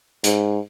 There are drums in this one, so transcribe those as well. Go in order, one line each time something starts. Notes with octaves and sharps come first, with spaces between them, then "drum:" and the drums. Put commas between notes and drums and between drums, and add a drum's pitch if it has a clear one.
G#2, drum: hi-hat